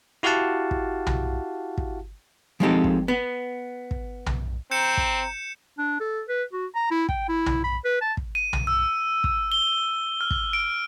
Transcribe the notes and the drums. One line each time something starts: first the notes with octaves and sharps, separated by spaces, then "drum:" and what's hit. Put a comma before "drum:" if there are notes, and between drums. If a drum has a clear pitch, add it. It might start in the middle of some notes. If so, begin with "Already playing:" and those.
E4 F#4 G4 F5 F#5 A5
drum: kick
drum: tom B1
drum: kick
F3 G#3 C4 D#4 G4 A4
drum: kick
B3
drum: kick
drum: tom B1
C4 A#5 G6 C#7 E7
drum: kick
D4
A4
B4
F#4
A#5
E4
G5, drum: kick
E4
drum: tom B1
B5
B4
A5
drum: kick
D#7
drum: tom B1
E6
drum: kick
G7
F6
drum: kick
D7